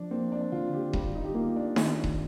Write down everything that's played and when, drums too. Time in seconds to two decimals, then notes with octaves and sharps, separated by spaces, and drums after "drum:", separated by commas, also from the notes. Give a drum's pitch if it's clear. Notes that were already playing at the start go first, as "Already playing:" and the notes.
Already playing: F3 D4
0.11 A#3 C4
0.32 D4
0.52 D3 F4
0.73 G4
0.93 G3 F4, drum: kick D#1
1.15 D#4
1.24 G4
1.35 A#3 F4
1.56 D4
1.76 D#3, drum: snare D#4
2.04 drum: kick D#1